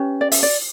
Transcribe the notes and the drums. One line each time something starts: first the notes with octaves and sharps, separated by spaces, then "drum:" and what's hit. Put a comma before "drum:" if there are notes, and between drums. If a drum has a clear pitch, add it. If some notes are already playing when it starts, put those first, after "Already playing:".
Already playing: C#4 G4 B4
D5
E5, drum: open hi-hat
D5